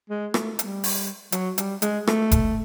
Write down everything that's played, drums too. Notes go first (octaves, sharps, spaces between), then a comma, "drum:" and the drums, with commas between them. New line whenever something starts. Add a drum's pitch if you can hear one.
G#3
A3, drum: rim click
G3, drum: hi-hat
drum: open hi-hat
F#3, drum: hi-hat
G3, drum: hi-hat
G#3, drum: hi-hat
A3, drum: rim click
drum: kick F1, hi-hat